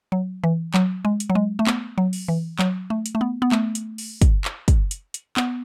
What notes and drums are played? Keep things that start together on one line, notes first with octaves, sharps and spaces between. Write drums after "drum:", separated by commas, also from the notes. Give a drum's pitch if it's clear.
F#3
E3
F#3, drum: clap
G#3
drum: hi-hat
F#3
G#3
A3
B3, drum: clap
F#3
drum: open hi-hat
E3
F#3, drum: clap
A3
drum: hi-hat
A3
B3
B3
A3, drum: clap
drum: hi-hat
drum: open hi-hat
drum: kick, hi-hat
drum: clap
drum: kick, hi-hat
drum: hi-hat
drum: hi-hat
B3, drum: clap